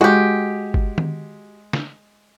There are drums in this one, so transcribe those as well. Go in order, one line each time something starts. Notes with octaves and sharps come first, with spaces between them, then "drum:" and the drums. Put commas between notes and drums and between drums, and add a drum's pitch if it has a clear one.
G#3 F#4 G4
drum: kick G1
drum: tom D#3
drum: snare